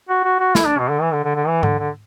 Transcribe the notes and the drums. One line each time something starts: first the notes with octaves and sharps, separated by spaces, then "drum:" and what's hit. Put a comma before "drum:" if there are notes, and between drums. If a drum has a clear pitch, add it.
F#4
F#4
F#4
E4, drum: snare
D4
B2
D3
E3
D3
D3
D3
E3
D3, drum: tom G#2
D3